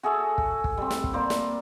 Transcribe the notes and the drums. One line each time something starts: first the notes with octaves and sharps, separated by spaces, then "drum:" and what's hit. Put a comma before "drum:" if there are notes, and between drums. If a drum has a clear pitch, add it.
F#4 G#4 A4 E5
drum: kick
drum: kick
G3 C4
drum: snare
drum: kick
A#3 C5 D5
drum: snare